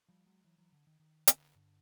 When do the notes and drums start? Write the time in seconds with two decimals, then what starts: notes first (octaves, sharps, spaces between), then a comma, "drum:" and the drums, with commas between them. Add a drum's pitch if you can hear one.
0.08 F3 G3
0.26 F#3 G#3
0.45 E3 F#3
0.58 E3 F#3
0.72 D3
0.87 D#3
1.00 D#3
1.27 D3, drum: hi-hat
1.56 G2 D3